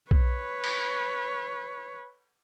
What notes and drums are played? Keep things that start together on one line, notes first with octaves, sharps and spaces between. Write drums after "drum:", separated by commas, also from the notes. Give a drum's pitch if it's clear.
B4 C#5, drum: kick B1
drum: cymbal